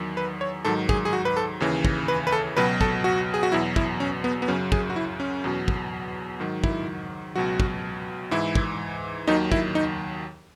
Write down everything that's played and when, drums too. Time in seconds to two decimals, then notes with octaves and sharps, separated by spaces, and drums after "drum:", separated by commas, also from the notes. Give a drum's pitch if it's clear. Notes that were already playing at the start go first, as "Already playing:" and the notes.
Already playing: E2 D#3 F#3
0.17 B4
0.41 C#5
0.65 G#2 D#3 F#3 A4
0.89 G#4, drum: kick
1.05 G#4
1.13 F#4
1.25 B4
1.36 A4
1.60 D#2 C#3 E3
1.85 drum: kick
2.08 B4
2.27 B4
2.32 A4
2.57 C#2 B2 F#3 B4
2.81 A4, drum: kick
3.04 F#4
3.34 G#4
3.43 F#4
3.52 E2 B2 F#3 E4
3.76 E4, drum: kick
4.00 C#4
4.24 B3
4.42 B3
4.48 F#2 C#3 F#3 C#4
4.72 G#4, drum: kick
4.90 F#4
4.96 E4
5.20 C#4
5.44 E2 B2 F#3
5.68 drum: kick
6.40 G#2 D#3 F#3
6.64 E4, drum: kick
7.36 C#2 B2 F#3 F#4
7.60 drum: kick
8.31 G#2 E3 E4
8.55 drum: kick
9.27 D#2 D#3 F#3 D#4
9.52 E4, drum: kick
9.75 D#4